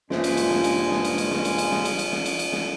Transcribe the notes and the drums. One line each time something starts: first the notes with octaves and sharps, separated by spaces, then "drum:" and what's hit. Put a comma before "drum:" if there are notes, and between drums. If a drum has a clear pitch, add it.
C#2 G2 A#2 G#3 C#4 F4 C5 E5, drum: snare
drum: cymbal
drum: cymbal
drum: snare
drum: cymbal
drum: snare
drum: cymbal
drum: cymbal
drum: snare
drum: cymbal
drum: cymbal
drum: snare
drum: cymbal
drum: cymbal
drum: snare
drum: cymbal
drum: cymbal
drum: snare